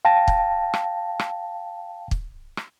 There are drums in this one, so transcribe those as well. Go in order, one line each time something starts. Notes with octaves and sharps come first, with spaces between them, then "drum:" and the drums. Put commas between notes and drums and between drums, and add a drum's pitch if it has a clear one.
F5 G5 A5 A#6
drum: kick
drum: rim click
drum: rim click
drum: kick
drum: rim click